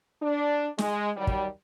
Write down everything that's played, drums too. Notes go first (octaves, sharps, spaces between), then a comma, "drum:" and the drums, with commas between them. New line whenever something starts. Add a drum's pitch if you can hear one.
D4
G#3, drum: snare
D#3 F#3 G3
drum: kick